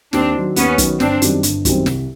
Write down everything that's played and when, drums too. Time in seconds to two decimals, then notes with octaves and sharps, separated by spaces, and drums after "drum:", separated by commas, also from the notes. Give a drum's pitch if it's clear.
0.13 D#2 C4 D4, drum: snare
0.35 D#3 F#3
0.56 D#2 B3 C#4, drum: hi-hat
0.78 D#3 F#3, drum: kick, hi-hat
1.00 G1 C4 D4, drum: snare
1.22 F#2 D#3 G3 C4, drum: hi-hat
1.43 G1, drum: hi-hat
1.65 F#2 D#3 G3 C4, drum: kick, hi-hat
1.86 C2, drum: snare